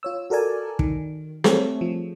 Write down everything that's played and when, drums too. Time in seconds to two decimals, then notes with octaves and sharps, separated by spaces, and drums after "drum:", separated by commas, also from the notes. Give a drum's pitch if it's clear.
0.03 F4 C#5 E6
0.30 F#4 A4 A#4 D5 G#5 A5
0.79 D#3, drum: kick
1.44 G3 A3 C4 G#4 A4 C#5, drum: snare
1.81 F3